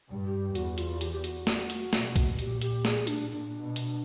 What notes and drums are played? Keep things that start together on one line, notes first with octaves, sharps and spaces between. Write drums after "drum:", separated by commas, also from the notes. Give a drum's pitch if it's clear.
G2
G4
E2 F#4, drum: hi-hat
F4, drum: hi-hat
G4, drum: hi-hat
G4
F#4, drum: hi-hat
drum: snare
drum: hi-hat
B2, drum: snare
drum: kick B1, hi-hat
A#2 G4, drum: hi-hat
G4, drum: hi-hat
G#4, drum: snare
D4, drum: hi-hat
A#2 D4
B2
drum: hi-hat